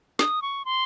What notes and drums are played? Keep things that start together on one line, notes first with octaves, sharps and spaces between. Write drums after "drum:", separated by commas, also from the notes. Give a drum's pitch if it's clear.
D#6, drum: snare
C#6
C6